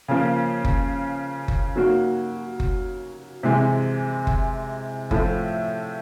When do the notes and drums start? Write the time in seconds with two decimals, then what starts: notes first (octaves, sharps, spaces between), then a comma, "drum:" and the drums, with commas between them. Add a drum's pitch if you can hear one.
0.08 C#3 F3 A#3
0.65 drum: kick F#1
1.48 drum: kick F#1
1.76 F#3 A#3 D#4 F#4
2.60 drum: kick F#1
3.43 C3 E3 G#3
4.27 drum: kick F#1
5.11 A2 F3 A3, drum: kick F#1